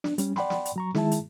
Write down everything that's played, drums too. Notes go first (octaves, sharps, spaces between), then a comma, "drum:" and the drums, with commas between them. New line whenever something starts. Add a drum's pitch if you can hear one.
D4, drum: snare
G3 C#4, drum: hi-hat
D5 F#5 G5 B5 C6, drum: snare
drum: snare
drum: hi-hat
F#3 A#5 C#6
D#3 G#3 E4 G#4 E5 A5, drum: snare
drum: hi-hat